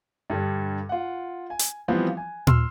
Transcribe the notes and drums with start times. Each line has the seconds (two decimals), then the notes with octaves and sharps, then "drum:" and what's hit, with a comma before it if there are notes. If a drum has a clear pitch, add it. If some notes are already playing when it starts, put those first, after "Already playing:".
0.30 G2 D3 G3
0.89 F4 F#5
1.50 G#5
1.59 drum: hi-hat
1.88 E3 F3 G3 B3 C4 F4
2.17 G#5
2.47 C6 E6 F6, drum: tom A#2